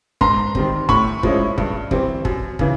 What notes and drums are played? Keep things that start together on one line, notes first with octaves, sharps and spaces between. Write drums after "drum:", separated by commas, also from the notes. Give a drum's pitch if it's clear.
G#2 A#5 C6, drum: kick
D#3 G3 C4, drum: kick
A2 B5 C#6, drum: kick
F3 G#3 C#4 E4, drum: kick
G2, drum: kick
E3 G3 C4, drum: kick
F#2, drum: kick
C#3 E3, drum: kick